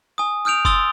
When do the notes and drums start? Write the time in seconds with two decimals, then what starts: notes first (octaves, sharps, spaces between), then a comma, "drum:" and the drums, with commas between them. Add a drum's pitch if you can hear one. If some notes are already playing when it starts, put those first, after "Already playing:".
0.18 G#5 D#6
0.45 D#6 F6 G6 D7 F7
0.65 C6 D#6 E6 A6 G7, drum: kick F#1